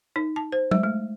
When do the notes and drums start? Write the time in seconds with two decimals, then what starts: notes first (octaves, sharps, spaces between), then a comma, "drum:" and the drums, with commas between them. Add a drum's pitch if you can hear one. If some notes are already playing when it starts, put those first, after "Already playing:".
0.16 D#4
0.36 A5
0.52 C5
0.71 G#3, drum: tom F#3
0.83 A3